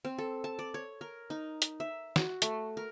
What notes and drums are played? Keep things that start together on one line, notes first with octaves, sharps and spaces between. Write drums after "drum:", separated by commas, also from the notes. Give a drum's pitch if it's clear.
C4
A4
A5
D5
C#5
A#4
D#4
drum: hi-hat
E5
F#4, drum: snare
A3, drum: hi-hat
A#4